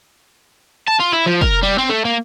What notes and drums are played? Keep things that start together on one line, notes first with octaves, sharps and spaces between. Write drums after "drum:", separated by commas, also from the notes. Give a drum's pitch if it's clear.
A5
F4
E4
F3
A#4, drum: kick
G3
C4
A3
A#3